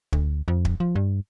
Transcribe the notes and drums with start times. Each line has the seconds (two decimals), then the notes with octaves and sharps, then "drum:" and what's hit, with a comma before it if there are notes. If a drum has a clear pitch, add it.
0.13 D2, drum: kick
0.48 F2
0.65 drum: kick
0.80 F3
0.95 G2